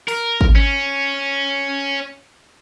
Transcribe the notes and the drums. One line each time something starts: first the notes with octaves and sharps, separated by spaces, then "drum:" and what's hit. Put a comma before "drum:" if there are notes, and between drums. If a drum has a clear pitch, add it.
A#4, drum: open hi-hat
drum: kick G#1
C#4